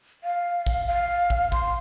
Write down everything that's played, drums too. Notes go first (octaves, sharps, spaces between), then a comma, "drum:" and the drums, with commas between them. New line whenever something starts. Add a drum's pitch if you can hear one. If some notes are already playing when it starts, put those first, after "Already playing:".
F5
drum: kick
F5
drum: kick
C6, drum: kick